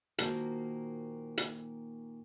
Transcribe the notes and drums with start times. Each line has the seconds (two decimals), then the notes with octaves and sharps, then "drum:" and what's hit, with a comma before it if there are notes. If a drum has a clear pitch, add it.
0.18 A#2 D#3 A#3 F#4 C5 A5, drum: hi-hat
1.38 drum: hi-hat